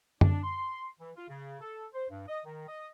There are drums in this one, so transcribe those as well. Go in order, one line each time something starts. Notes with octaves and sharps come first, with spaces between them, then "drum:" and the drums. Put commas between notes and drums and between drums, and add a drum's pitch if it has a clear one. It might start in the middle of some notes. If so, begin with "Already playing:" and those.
D4, drum: tom F#2
C6
E3
F4
C#3
A4
C5
G2
D#5
D#3
D#5